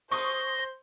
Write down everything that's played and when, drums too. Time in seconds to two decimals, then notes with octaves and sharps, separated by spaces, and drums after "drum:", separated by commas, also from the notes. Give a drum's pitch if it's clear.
0.11 C5 C6 C#6 D#6 A#6, drum: open hi-hat